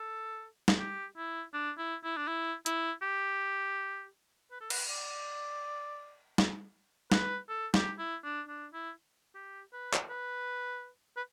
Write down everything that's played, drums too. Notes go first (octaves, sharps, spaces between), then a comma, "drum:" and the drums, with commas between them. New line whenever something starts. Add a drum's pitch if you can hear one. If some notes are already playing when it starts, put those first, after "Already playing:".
Already playing: A4
drum: snare
G4
E4
D4
E4
E4
D4
E4
E4, drum: hi-hat
G4
B4
A4
B4, drum: cymbal
D5
drum: snare
B4, drum: snare
A4
G4, drum: snare
E4
D4
D4
E4
G4
B4
drum: clap
B4
B4